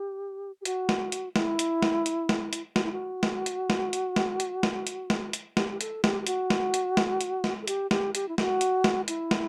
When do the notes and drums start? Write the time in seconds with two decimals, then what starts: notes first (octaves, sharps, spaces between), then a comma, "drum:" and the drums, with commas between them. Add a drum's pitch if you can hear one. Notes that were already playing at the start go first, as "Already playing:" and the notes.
Already playing: G4
0.61 G4
0.65 F#4, drum: hi-hat
0.89 drum: snare
1.12 drum: hi-hat
1.36 E4, drum: snare
1.59 drum: hi-hat
1.82 drum: snare
2.06 drum: hi-hat
2.29 drum: snare
2.53 drum: hi-hat
2.76 F#4, drum: snare
2.84 E4
2.92 F#4
3.23 drum: snare
3.46 drum: hi-hat
3.70 drum: snare
3.93 drum: hi-hat
4.16 drum: snare
4.40 drum: hi-hat
4.63 drum: snare
4.87 drum: hi-hat
5.10 drum: snare
5.33 drum: hi-hat
5.57 G4, drum: snare
5.71 G4
5.81 A4, drum: hi-hat
6.04 G4, drum: snare
6.22 G4
6.27 F#4, drum: hi-hat
6.50 drum: snare
6.74 drum: hi-hat
6.97 drum: snare
7.21 drum: hi-hat
7.44 drum: snare
7.62 A4
7.68 G4, drum: hi-hat
7.91 G4, drum: snare
8.15 G4, drum: hi-hat
8.28 E4
8.38 F#4, drum: snare
8.61 drum: hi-hat
8.84 drum: snare
9.08 E4, drum: hi-hat
9.31 drum: snare